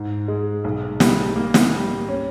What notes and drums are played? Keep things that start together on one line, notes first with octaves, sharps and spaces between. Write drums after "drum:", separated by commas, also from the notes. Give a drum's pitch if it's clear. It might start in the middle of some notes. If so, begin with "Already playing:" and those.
Already playing: G#2
G#3
B1
G3, drum: snare
A#3
drum: snare
G3
C#4